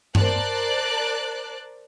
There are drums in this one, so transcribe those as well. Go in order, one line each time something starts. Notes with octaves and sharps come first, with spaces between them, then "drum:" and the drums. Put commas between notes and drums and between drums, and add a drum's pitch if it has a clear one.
A#4 C5 D5 A5 F#6, drum: tom G2